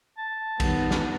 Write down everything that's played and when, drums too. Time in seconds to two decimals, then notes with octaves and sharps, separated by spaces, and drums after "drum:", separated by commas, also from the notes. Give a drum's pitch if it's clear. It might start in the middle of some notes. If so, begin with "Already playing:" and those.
0.18 A5
0.60 F2 D#3 G3 B3 D#4, drum: kick A#1, cymbal
0.91 drum: snare